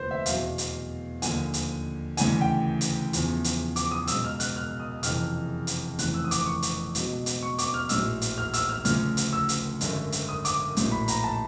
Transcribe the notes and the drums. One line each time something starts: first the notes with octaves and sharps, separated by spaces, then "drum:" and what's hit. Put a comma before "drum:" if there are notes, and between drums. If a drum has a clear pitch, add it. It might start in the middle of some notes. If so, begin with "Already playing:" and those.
Already playing: F1 D#2 D3 F3 B4 C5
E5
E2 B2 F#3 F5, drum: hi-hat
drum: hi-hat
D#2 D3 F3 G#5, drum: hi-hat
drum: hi-hat
D2 C#3 E3 G#5, drum: hi-hat
G5
drum: hi-hat
E2 C#3 F3, drum: hi-hat
drum: hi-hat
D6, drum: hi-hat
D#6
C#2 B2 F#3 E6, drum: hi-hat
F6
F#6, drum: hi-hat
F6
D#6
F#1 F2 C3 E3 F6, drum: hi-hat
drum: hi-hat
F1 F2 C#3 E3 F#6, drum: hi-hat
E6
D#6
D6, drum: hi-hat
C#6
drum: hi-hat
C#2 B2 F#3, drum: hi-hat
drum: hi-hat
C#6
D6, drum: hi-hat
F6
A#1 A2 F#3 E6, drum: hi-hat
drum: hi-hat
F6
E6, drum: hi-hat
F6
D2 C#3 F3 F6, drum: hi-hat
drum: hi-hat
E6
drum: hi-hat
G#1 F#2 D3, drum: hi-hat
drum: hi-hat
D#6
D6, drum: hi-hat
A#1 A2 F#3, drum: hi-hat
B5
A#5, drum: hi-hat
A5